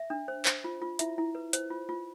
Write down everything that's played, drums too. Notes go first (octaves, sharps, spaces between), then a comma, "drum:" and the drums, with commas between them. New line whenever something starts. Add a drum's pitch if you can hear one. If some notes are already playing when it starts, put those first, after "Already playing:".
Already playing: E5
D4
C5
C5, drum: clap
F4
F4
E4 E5, drum: hi-hat
E4
B4
C5, drum: hi-hat
F4
F4